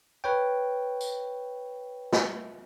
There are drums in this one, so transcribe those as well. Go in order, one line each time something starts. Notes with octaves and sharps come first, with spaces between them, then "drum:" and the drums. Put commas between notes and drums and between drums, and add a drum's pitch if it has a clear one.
B4 C#5 G5
drum: tambourine
drum: snare